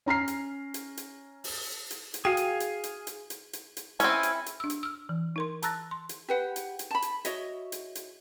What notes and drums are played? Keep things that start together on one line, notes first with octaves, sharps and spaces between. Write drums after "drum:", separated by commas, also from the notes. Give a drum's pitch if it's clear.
C#4 A#5 F6 C7
drum: hi-hat
drum: hi-hat
drum: hi-hat
drum: open hi-hat
drum: hi-hat
drum: hi-hat
F#4 G#4 F5 G5 G#5
drum: hi-hat
drum: hi-hat
drum: hi-hat
drum: hi-hat
drum: hi-hat
drum: hi-hat
drum: hi-hat
C4 C#4 E4 G#5, drum: hi-hat
drum: hi-hat
drum: hi-hat
D4 E6
drum: hi-hat
E6 F6
E3
D#4 A#4 C6
A5 A#5 E6 F#6 A6 A#6, drum: hi-hat
C6
drum: hi-hat
G4 B4 F#5
drum: hi-hat
drum: hi-hat
A5 B5
drum: hi-hat
F#4 C#5 D#5 E5, drum: hi-hat
drum: hi-hat
drum: hi-hat